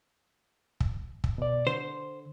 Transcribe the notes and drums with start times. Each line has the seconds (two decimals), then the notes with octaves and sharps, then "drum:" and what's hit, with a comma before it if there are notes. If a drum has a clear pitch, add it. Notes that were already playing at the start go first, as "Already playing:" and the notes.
0.80 drum: kick
1.24 drum: kick
1.38 B2 D5
1.67 D3 C5